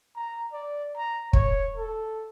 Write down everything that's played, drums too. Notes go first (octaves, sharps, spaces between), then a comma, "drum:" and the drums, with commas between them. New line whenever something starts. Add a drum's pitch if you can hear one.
A#5
D5
A#5
C#5, drum: kick
A4